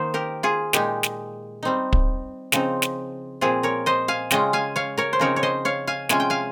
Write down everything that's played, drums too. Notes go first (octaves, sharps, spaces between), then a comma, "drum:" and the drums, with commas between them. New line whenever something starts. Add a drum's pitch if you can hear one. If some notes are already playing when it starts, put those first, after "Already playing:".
Already playing: D#3 A#3 D#4 C5
G4 A#4
F4 G#4
A#2 G#3 D#4 G4, drum: snare
drum: snare
G3 C4 D#4
drum: kick
C#3 F3 C4 D#4, drum: snare
drum: snare
A#2 F3 C4 F4 G#4
A#4 C#5
C5 D#5
F5 G#5
C#3 G#3 C#4 F4 D#5 G5, drum: snare
F5 G#5
C#5 F5
A#4 C#5
C5
C#3 F3 C4 D#4 A#4 C#5
C#5
C5 D#5
C#5 F5
F5 G#5
C3 F3 G#3 C#4 F4 G#5, drum: snare
G5
F5 G#5